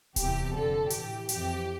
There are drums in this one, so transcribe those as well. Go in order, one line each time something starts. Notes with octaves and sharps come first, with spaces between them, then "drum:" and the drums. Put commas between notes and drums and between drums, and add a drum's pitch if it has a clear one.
E2 C3 E3 G4, drum: kick D1, hi-hat
F2 D3 A4
A2 E3 G4, drum: hi-hat
F2 E3 G4, drum: hi-hat